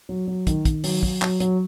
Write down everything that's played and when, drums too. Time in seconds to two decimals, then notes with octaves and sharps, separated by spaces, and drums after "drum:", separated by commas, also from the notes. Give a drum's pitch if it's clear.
0.09 F#3
0.27 F#3
0.47 D#3, drum: kick, hi-hat
0.65 D#3, drum: kick, hi-hat
0.84 F#3, drum: open hi-hat
1.03 F#3, drum: kick
1.22 F#3, drum: clap
1.40 F#3, drum: hi-hat